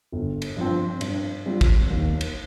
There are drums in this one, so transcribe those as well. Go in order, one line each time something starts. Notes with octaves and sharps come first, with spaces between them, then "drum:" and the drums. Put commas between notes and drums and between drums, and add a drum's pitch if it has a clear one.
G1
drum: cymbal
G2 F3 C4
G2, drum: cymbal
G3 C4 F4
drum: kick, cymbal
D#2
drum: cymbal